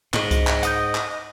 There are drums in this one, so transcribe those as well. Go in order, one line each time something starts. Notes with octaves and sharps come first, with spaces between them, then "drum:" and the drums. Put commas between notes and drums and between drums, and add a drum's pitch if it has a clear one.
G#2 D#5, drum: clap
drum: kick C2, hi-hat
drum: clap
F#5 D#6 G6, drum: hi-hat
drum: clap